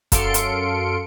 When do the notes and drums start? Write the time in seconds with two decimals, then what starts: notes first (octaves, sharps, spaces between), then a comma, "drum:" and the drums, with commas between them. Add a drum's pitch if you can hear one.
0.12 F#2 A4 F5 C6 C#7 D7, drum: kick, hi-hat
0.34 drum: hi-hat